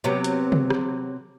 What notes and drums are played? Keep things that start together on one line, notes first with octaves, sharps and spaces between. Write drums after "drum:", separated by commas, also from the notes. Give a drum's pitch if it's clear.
C3 F#3 B3
drum: hi-hat
drum: tom C3
drum: rim click